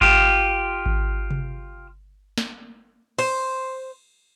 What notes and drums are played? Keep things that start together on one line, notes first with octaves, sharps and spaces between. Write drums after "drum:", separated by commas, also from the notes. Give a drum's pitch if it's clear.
F4 G4, drum: kick G#1
drum: kick G#1
drum: tom C3
drum: snare
C5, drum: cymbal